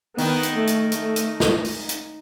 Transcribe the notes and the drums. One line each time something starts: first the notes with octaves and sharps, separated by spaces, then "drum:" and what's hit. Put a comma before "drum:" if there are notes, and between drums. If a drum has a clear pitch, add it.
D#3 B3, drum: open hi-hat
drum: hi-hat
A3
drum: hi-hat
A3, drum: hi-hat
drum: hi-hat
drum: snare
drum: open hi-hat
drum: hi-hat